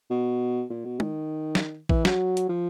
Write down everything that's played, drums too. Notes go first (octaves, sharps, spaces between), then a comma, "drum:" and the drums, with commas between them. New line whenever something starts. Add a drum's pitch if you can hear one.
B2
A#2
B2
D#3, drum: tom
drum: snare
E3, drum: kick A1
F#3, drum: snare
drum: hi-hat
F3